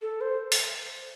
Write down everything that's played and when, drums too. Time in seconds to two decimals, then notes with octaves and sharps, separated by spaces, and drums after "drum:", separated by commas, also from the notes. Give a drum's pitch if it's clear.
0.02 A4
0.21 C5
0.52 drum: open hi-hat